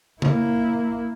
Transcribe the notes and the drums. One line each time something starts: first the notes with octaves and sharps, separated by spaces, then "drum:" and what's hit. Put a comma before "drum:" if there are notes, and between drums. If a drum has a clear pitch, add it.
A#3 E4, drum: tom C#3